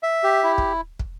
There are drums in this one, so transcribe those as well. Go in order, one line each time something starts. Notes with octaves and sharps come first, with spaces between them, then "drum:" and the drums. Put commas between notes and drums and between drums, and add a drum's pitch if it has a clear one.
E5
G4
E4
drum: kick
drum: kick